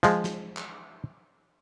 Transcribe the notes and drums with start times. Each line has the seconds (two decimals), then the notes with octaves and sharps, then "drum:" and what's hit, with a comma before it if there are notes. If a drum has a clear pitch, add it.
0.03 F3 G#3, drum: snare
0.24 drum: snare
0.57 drum: clap